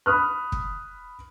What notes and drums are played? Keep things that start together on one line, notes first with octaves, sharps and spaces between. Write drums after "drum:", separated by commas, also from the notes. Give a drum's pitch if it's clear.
B5 D#6 F6 F#6
drum: kick